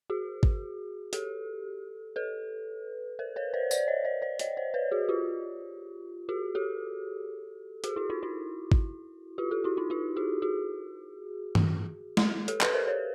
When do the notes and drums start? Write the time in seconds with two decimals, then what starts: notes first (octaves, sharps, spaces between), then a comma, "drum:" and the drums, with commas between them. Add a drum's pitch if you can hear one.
0.10 F#4 G#4
0.43 drum: kick G#1
1.13 G4 A4, drum: hi-hat
2.16 A4 B4
3.19 A#4 C5
3.36 B4 C#5
3.54 C5 D5
3.71 C5 D5, drum: tambourine
3.88 C#5 D#5
4.05 C5 D5
4.22 C5 D5
4.39 C#5 D#5, drum: hi-hat
4.57 C5 D5
4.74 B4 C#5
4.91 F#4 G#4
5.09 F4 G4
6.29 F#4 G#4
6.55 G4 A4
7.84 F#4 G#4, drum: hi-hat
7.96 E4 F#4
8.10 D#4 F4
8.23 E4 F#4
8.72 drum: kick G#1
9.38 F4 G4
9.51 G4 A4
9.64 E4 F#4
9.77 D#4 F4
9.90 F4 G4
10.16 F#4 G#4
10.42 F#4 G#4
11.55 drum: tom
12.17 drum: snare
12.48 G4 A4, drum: hi-hat
12.61 A4 B4, drum: clap
12.74 A#4 C5
12.87 B4 C#5